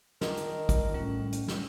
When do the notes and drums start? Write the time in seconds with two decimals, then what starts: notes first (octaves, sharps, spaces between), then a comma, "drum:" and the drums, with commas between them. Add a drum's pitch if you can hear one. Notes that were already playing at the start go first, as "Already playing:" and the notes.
0.21 D#3 D4 F4 A#4 D#5, drum: snare
0.37 drum: hi-hat
0.69 drum: kick, hi-hat
0.94 A2 G3 C#4 F#5
1.32 drum: hi-hat
1.48 drum: snare